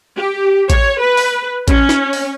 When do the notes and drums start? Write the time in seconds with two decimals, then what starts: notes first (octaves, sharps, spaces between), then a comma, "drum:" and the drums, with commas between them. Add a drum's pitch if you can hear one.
0.17 G4
0.70 C#5, drum: kick A1, hi-hat
1.00 B4
1.17 drum: open hi-hat
1.68 C#4, drum: kick A1, hi-hat
1.89 drum: snare
2.13 drum: open hi-hat